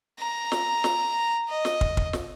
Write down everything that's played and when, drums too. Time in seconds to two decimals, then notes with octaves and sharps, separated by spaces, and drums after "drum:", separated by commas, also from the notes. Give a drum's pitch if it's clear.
0.19 A#5
0.52 drum: snare
0.84 drum: snare
1.48 D#5
1.65 drum: snare
1.81 drum: kick
1.97 drum: kick
2.13 drum: snare